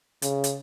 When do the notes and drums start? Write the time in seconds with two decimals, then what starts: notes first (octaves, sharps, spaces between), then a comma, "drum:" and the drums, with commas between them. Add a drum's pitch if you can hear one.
0.22 C#3, drum: hi-hat
0.44 drum: hi-hat